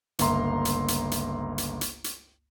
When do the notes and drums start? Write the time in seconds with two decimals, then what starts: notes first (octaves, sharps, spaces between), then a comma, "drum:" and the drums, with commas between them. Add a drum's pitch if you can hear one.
0.19 G1 C#2 A#3 E5 A#5 C6, drum: hi-hat
0.65 drum: hi-hat
0.88 drum: hi-hat
1.11 drum: hi-hat
1.58 drum: hi-hat
1.81 drum: hi-hat
2.04 drum: hi-hat